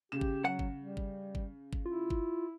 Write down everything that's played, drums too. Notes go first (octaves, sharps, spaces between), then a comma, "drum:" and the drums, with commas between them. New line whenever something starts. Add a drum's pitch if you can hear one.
C#3 G4 E7
drum: kick G1
F#3 F#5
drum: kick G1
G3
drum: kick G1
drum: kick G1
drum: kick G1
E4 F4
drum: kick G1